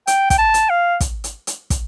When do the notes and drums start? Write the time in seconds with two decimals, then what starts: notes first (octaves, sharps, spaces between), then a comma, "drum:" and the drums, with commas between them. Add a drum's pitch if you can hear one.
0.07 G5, drum: hi-hat
0.30 G5, drum: kick, hi-hat
0.38 A5
0.54 drum: hi-hat
0.69 F5
1.01 drum: kick, hi-hat
1.24 drum: hi-hat
1.47 drum: hi-hat
1.70 drum: kick, hi-hat